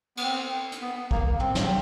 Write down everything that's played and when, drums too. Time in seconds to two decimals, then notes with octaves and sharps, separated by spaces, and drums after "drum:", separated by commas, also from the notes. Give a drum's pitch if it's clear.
0.17 B3, drum: cymbal
0.22 C4
0.72 drum: hi-hat
0.82 B3
1.11 A#3, drum: kick
1.40 C4, drum: tom
1.55 drum: snare